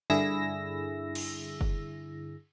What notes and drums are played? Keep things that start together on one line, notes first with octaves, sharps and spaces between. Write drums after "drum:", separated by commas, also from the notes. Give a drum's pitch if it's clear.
G2 D3 E4 G#4 E6 A#6
drum: cymbal
drum: kick